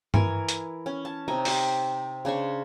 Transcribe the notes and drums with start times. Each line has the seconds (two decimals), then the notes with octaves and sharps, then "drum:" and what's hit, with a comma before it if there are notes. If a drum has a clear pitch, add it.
0.14 E3 A#4 G#5 C#6, drum: tom G2
0.49 drum: hi-hat
0.86 C#4
1.05 A5
1.28 C3 D#4 G#5 A#5
1.45 G4 C5, drum: open hi-hat
2.25 C#3 D4 C5 C#6